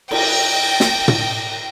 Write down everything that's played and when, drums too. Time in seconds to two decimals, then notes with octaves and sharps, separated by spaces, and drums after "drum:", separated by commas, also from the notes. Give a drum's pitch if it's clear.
0.11 G5 A#6, drum: cymbal
0.80 drum: snare
1.08 drum: tom